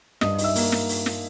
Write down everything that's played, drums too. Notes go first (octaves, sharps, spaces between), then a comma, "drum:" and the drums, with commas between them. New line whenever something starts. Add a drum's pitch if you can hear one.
G2 D#5 D#6, drum: snare
D#4, drum: open hi-hat
E5 E6
A#3, drum: open hi-hat
drum: snare
drum: open hi-hat
drum: snare